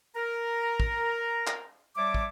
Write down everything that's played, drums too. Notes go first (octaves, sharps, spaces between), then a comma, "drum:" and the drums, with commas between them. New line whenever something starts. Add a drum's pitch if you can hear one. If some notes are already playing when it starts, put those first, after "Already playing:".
A#4 A#5
drum: kick
drum: clap
G3 C#5 D5 E5 A5 D6
drum: kick